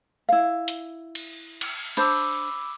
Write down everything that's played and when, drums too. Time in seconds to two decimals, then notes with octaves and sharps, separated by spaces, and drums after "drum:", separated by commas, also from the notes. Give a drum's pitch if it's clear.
0.29 E4 F5
0.68 drum: hi-hat
1.15 drum: cymbal
1.61 drum: cymbal
1.97 D4 C5 B5 D6 E6, drum: cymbal